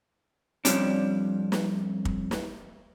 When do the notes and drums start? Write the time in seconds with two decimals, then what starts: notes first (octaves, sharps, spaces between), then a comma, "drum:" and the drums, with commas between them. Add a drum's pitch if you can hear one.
0.65 F2 A#2 F3 G3 C#4 D4, drum: hi-hat
1.52 drum: snare
2.05 drum: kick
2.31 drum: snare